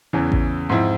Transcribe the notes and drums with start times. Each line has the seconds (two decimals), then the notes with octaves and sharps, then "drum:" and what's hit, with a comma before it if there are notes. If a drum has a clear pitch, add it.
0.13 E2 C#3 E3
0.32 drum: kick A1
0.69 G#2 F3 C4 E4